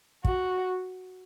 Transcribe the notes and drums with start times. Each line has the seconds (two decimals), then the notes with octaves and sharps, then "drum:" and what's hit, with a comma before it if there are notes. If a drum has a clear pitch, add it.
0.25 F#4, drum: kick